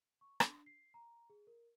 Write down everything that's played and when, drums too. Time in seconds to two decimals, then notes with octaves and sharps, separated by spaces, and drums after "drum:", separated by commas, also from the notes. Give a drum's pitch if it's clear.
0.21 C#6
0.40 D4, drum: rim click
0.66 C7
0.94 A#5
1.30 G#4
1.47 A#4